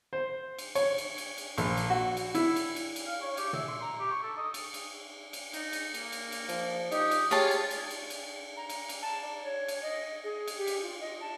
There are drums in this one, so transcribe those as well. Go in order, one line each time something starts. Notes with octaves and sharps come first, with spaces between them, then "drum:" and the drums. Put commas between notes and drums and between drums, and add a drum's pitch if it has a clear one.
C5
drum: cymbal
C#5, drum: cymbal
drum: cymbal
drum: cymbal
drum: cymbal
A#1, drum: cymbal
drum: cymbal
F#4
drum: cymbal
E4, drum: cymbal
drum: cymbal
drum: cymbal
drum: cymbal
F5
C#5
G4, drum: cymbal
E5, drum: tom
C6
A#5
G4
C#6
A4
D#5
drum: cymbal
drum: cymbal
drum: cymbal
D#4, drum: cymbal
drum: cymbal
A#3, drum: cymbal
drum: cymbal
drum: cymbal
F3, drum: cymbal
D#4 G4 D#6, drum: cymbal
drum: cymbal
F4 G4 G#4 C#5 A5, drum: cymbal
drum: cymbal
drum: cymbal
drum: cymbal
drum: cymbal
A#5
drum: cymbal
drum: cymbal
A5
D5
C#5
drum: cymbal
D#5
G#4
drum: cymbal
G4
drum: cymbal
F4
D#5
A5